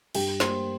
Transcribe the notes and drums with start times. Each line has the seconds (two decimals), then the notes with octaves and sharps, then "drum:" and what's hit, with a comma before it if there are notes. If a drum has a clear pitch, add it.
0.15 G2 G4 G5, drum: cymbal
0.40 A#3 C5 C6, drum: snare